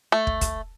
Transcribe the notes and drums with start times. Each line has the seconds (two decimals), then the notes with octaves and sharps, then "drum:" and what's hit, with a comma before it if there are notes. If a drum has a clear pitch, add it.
0.12 A3
0.27 drum: kick
0.41 drum: kick, hi-hat